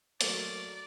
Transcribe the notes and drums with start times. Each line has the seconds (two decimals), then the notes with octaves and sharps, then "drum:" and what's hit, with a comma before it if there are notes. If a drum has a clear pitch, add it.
0.21 F#3 A3 A#3 D5, drum: hi-hat